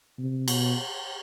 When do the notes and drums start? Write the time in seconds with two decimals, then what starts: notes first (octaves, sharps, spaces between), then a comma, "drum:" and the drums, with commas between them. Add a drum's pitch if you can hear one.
0.18 C3
0.48 B2, drum: cymbal